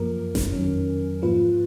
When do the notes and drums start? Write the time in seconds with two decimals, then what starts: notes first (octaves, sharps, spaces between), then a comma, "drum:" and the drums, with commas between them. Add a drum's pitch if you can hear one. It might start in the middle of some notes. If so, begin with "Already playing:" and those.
Already playing: F#2 F3 A#3 A#4
0.35 drum: snare G1
0.52 F2 D#3 F#3 C#4
1.22 G#2 F3 A#3 F4 B4